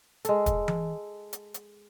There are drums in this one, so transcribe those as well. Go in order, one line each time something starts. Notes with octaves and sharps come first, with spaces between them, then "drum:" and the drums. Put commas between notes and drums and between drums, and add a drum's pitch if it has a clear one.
G#3 A4, drum: hi-hat
drum: kick, hi-hat
drum: tom E3
drum: hi-hat
drum: hi-hat